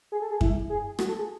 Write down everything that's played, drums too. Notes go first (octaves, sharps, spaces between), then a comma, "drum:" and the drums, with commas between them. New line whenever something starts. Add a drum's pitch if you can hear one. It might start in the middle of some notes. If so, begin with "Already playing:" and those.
G#4
A4
G#4
E4, drum: kick F#2
G#4
F#4, drum: rim click
A4
G#4